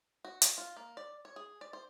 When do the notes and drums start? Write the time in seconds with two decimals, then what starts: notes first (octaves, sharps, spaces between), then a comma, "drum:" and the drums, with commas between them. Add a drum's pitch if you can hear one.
0.25 F#4
0.42 F#4, drum: hi-hat
0.58 F4
0.77 A#3
0.97 D5
1.25 C#5
1.36 G#4
1.61 D5
1.73 C5